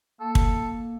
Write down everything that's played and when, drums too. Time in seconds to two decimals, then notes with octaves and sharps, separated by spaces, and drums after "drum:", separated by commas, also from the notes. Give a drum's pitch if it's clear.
0.20 A#3 A4
0.35 drum: kick